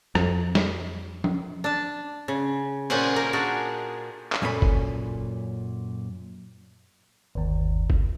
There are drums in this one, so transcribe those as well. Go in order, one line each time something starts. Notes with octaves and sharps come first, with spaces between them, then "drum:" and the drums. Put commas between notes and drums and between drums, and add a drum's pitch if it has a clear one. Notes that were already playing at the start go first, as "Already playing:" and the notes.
F2, drum: rim click
drum: snare
drum: tom F3
D4 A5
C#3
A#2 C#3 C#4 C5 F#5 G#5, drum: cymbal
A#4
D4 F#4 G#4
drum: clap
F#2 A#2 C#4 E4 A4 B5
drum: kick
G1 D#2
drum: kick